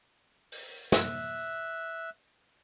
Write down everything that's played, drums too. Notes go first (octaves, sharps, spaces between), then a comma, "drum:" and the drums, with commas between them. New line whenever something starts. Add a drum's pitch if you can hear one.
drum: open hi-hat
E5 F#6, drum: snare